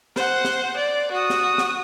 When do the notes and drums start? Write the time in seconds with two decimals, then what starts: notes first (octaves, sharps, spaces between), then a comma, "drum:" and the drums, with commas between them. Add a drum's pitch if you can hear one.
0.16 C5 F#5, drum: snare
0.45 drum: snare
0.77 D5
1.11 F#4 D#6
1.30 drum: snare
1.58 drum: snare